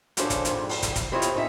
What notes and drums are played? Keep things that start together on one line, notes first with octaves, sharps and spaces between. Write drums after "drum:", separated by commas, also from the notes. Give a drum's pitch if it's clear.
G#2 F3 C#4 D4 A4 C5, drum: hi-hat
drum: kick, hi-hat
F2 G#2 G3, drum: hi-hat
drum: open hi-hat
drum: kick, hi-hat
drum: kick, hi-hat
C3 C4 E4 F4 C#5 D#5
drum: hi-hat
F2 C#4 D#4 A4 E5